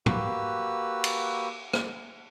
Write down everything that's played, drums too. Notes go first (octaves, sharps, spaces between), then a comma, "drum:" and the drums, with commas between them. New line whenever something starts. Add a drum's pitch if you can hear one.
A#3 F#4 G4 B4 E6, drum: tom
drum: cymbal
drum: rim click